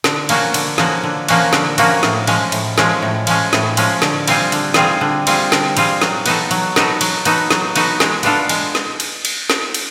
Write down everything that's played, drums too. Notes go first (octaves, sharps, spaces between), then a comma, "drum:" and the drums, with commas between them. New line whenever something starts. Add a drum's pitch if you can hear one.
D3, drum: snare
F3 A#3 C#4 F#4, drum: cymbal
D3, drum: cymbal
F3 A#3 C#4 F#4, drum: snare
D3
F3 A#3 C#4 F#4, drum: cymbal
D3, drum: snare
F3 A#3 C#4 F#4, drum: cymbal
A2, drum: snare
F3 G#3 C#4, drum: cymbal
A2, drum: cymbal
F3 G#3 C#4, drum: snare
A2
F3 G#3 C#4, drum: cymbal
A2, drum: snare
F3 G#3 C#4, drum: cymbal
D3, drum: snare
G3 C4 F4 G#4, drum: cymbal
D3, drum: cymbal
G3 C4 F4 G#4, drum: snare
D3
G3 C4 F4 G#4, drum: cymbal
D3, drum: snare
G3 C4 F4 G#4, drum: cymbal
F#3, drum: snare
B3 D#4 F#4 A4, drum: cymbal
F#3, drum: cymbal
B3 D#4 F#4 A4, drum: snare
F#3, drum: cymbal
B3 D#4 F#4 A4, drum: cymbal
F#3, drum: snare
B3 D#4 F#4 A4, drum: cymbal
G#3, drum: snare
B3 D4 F4 A4, drum: cymbal
G#3, drum: cymbal
drum: snare
drum: cymbal
drum: cymbal
drum: snare
drum: cymbal